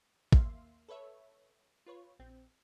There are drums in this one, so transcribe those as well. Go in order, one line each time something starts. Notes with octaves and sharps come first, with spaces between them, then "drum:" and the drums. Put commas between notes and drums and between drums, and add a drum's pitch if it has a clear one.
A1 D#2 A#3 E5 F5 C6, drum: kick
A4 B4 C#5 E5
F4 B4 C#5
A#1 C4